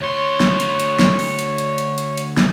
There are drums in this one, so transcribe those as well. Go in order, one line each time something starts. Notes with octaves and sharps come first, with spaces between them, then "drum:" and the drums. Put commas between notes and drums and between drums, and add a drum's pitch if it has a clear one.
D2 C#5 C6
drum: snare
drum: hi-hat
drum: hi-hat
drum: snare
drum: open hi-hat
drum: hi-hat
drum: hi-hat
drum: hi-hat
drum: hi-hat
drum: hi-hat
drum: snare